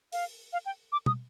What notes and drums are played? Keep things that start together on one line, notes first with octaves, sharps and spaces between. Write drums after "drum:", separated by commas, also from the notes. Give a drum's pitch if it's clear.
F5, drum: open hi-hat
F5
G5
D6
D#6, drum: tom